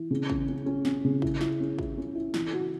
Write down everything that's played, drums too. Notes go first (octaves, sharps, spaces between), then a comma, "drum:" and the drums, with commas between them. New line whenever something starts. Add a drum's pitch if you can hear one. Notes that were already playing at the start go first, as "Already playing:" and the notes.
Already playing: E3
C#3
C#4, drum: kick
C#4
C#4
C#4, drum: snare
C#3
E4, drum: kick
E4, drum: snare
C#4
E4, drum: kick
C#4
E4
E3, drum: snare
F#4